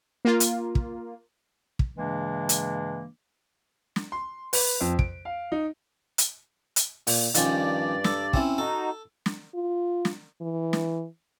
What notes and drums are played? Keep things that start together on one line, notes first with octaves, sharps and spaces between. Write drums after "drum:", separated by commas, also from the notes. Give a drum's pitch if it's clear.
A#3 F4
drum: hi-hat
drum: kick
drum: kick
G2 C#3 E3 G#3 A#3 D4
drum: hi-hat
drum: snare
C6
B4, drum: open hi-hat
F2
D7, drum: kick
F5
D#4
drum: hi-hat
drum: hi-hat
A#2, drum: open hi-hat
G2 D#3 F3 C#4 D5, drum: hi-hat
A4, drum: snare
C4 C#4 E4, drum: kick
D#4 F#4 A4
drum: snare
F4
drum: snare
E3
drum: snare